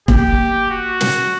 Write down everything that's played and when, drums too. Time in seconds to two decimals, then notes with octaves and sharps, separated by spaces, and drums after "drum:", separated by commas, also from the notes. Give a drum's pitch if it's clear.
0.08 A#3 G4, drum: kick
0.70 F#4
1.01 drum: snare